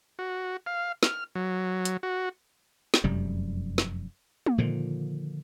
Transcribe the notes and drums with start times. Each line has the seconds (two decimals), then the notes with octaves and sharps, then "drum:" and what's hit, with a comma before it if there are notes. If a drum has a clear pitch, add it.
0.19 F#4
0.66 F5
1.03 F6, drum: snare
1.35 F#3
1.85 drum: hi-hat
2.03 F#4
2.94 drum: snare
3.04 F1 F#2 C3 G3
3.78 drum: snare
4.46 drum: tom
4.58 A#2 D3 D#3 F3